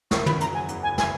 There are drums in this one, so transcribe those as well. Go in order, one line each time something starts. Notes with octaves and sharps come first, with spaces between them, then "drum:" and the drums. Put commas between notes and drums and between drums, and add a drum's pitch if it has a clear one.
F#1 C#6, drum: snare
B5, drum: tom
C#3
A#5, drum: hi-hat
F#3 G#5
E2, drum: hi-hat
G#5
F#1
G#5, drum: snare